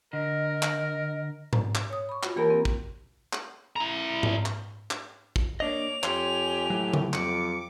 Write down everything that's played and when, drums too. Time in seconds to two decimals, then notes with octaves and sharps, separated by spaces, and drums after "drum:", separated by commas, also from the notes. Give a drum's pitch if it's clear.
0.13 D3 A#4 D#5
0.62 drum: clap
1.53 drum: tom G#2
1.75 drum: clap
1.90 C#5 D#6
2.09 B5 C#6
2.23 F4 F#4, drum: clap
2.36 E3 A#3 G4 A#4 B5
2.50 C4
2.65 drum: kick
3.33 drum: clap
3.76 E4 A#5
4.23 drum: tom G#2
4.46 drum: clap
4.91 drum: clap
5.36 drum: kick
5.60 A#3 D4 C#5 D#5 D6 F7
6.03 F2 G4 C#5 G#5 C6, drum: clap
6.70 A2 F#3
6.94 drum: tom C#3
7.13 F2 D6 C#7, drum: clap